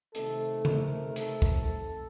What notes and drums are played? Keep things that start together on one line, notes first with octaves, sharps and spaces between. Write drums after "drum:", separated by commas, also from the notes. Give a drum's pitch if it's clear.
C3 D#3 A3 A4, drum: hi-hat
A#4, drum: tom C#3
A4, drum: hi-hat
drum: kick